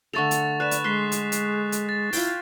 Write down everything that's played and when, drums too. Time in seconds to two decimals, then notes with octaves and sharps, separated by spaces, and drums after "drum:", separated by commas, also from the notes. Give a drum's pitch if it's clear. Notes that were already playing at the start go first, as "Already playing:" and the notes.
0.13 D3 A3 A4 C#6 A6 F7
0.31 drum: hi-hat
0.60 B4 D5 F#6 E7
0.71 drum: hi-hat
0.84 G#3 C6 F#6 B6 C7
1.12 drum: hi-hat
1.32 drum: hi-hat
1.72 drum: hi-hat
1.89 A6
2.13 E4 F4 F5 G5, drum: open hi-hat